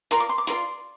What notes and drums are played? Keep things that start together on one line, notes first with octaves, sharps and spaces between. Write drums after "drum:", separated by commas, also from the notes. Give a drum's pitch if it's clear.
F4 A#4 D5 C6, drum: hi-hat
D6
C6
D6
F4 A#4 D5 C6, drum: hi-hat